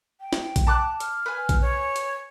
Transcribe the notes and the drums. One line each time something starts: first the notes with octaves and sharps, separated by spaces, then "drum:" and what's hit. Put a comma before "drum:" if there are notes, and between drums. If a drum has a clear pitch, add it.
G5
drum: snare
drum: kick A#1, hi-hat
A5 D6 F#6
F6, drum: hi-hat
B4 G#5
drum: kick A#1, hi-hat
C#5
drum: hi-hat